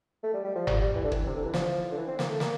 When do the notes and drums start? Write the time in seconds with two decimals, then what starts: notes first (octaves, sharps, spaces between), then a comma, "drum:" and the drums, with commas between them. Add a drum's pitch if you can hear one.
0.23 A3
0.34 G3
0.45 G3
0.55 F3
0.67 G3, drum: tom F#1
0.81 G3
0.95 E3
1.04 D3
1.12 E3, drum: kick
1.27 C3
1.36 D3
1.45 E3
1.54 F3, drum: snare
1.91 D3
1.97 E3
2.08 C4
2.19 A#3, drum: snare
2.29 A3
2.40 A#3, drum: snare